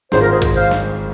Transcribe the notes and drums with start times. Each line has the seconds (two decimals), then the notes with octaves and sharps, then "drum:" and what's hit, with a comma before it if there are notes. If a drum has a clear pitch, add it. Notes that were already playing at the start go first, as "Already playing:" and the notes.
0.12 G#1 G#2 G#3 F4 C5, drum: snare
0.21 A#4
0.31 G#4 C5
0.42 drum: kick, cymbal
0.56 C5 F5
0.71 drum: snare